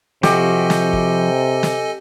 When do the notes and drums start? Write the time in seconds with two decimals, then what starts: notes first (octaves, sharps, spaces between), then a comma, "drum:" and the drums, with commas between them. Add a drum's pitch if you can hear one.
0.23 C3 F3 F#4 G4 A4 D#5 G#5, drum: snare
0.70 drum: snare
0.93 drum: kick
1.63 drum: snare